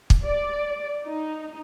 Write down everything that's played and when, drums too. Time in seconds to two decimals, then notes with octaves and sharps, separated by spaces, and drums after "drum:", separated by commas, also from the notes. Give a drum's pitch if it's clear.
0.10 drum: kick
0.24 D5
1.06 D#4